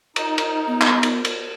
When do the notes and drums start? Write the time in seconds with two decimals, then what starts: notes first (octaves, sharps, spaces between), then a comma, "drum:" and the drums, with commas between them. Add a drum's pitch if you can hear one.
0.16 D#4, drum: cymbal
0.38 drum: cymbal
0.67 B3
0.81 drum: clap
1.03 drum: cymbal
1.25 drum: cymbal